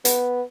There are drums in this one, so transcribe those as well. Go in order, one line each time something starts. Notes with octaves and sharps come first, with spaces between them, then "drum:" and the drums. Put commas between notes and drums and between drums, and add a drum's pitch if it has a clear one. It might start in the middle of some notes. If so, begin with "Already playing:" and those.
B3, drum: hi-hat